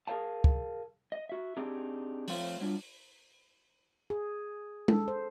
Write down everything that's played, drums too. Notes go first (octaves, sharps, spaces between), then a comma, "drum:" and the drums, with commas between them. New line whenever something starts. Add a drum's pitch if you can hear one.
G#4 A#4 C5 C#5 F5 A5
drum: kick C#2
D#5
F#4 E5
C4 D4 D#4 G4 G#4
F3 A3 C4 F4 C#5, drum: open hi-hat
F#3 G3 D4 F4
G#4
A4, drum: tom G#3
C5